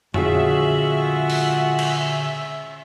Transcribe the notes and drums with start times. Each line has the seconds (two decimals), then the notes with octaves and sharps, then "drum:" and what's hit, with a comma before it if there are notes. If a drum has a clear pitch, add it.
0.14 A#2 D3 G#3 C#4 F4 F#4 G#4 E5, drum: tom F2
1.30 drum: open hi-hat
1.79 drum: cymbal